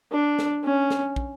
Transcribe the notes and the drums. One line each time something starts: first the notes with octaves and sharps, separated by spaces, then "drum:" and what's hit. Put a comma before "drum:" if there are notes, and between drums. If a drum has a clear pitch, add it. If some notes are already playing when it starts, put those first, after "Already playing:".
D4
drum: snare
C#4
drum: snare
drum: kick